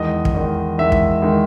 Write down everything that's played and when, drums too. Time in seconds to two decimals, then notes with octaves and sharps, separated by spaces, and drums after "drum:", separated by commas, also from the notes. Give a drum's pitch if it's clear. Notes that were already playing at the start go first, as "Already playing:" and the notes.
Already playing: E2 D#3 G#3 D#5
0.25 drum: kick
0.35 E2 D#3 G#3
0.78 E2 D#3 G#3 E5
0.92 drum: kick
1.22 D#3 G#3